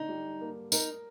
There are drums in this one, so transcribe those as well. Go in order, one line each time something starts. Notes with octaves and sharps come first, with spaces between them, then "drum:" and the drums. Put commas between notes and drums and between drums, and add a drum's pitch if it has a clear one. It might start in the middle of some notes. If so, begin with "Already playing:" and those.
Already playing: D3 D#4
G3
A#3
D#4 A#4, drum: tambourine